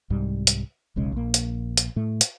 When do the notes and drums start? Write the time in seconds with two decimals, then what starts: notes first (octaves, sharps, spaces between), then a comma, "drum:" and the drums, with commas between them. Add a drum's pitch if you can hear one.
0.10 C2 G#2 G3
0.47 drum: hi-hat
0.96 E1 B1 C#3 G#3
1.12 A#1 A#3
1.34 drum: hi-hat
1.77 drum: hi-hat
1.96 A2 A3
2.21 drum: hi-hat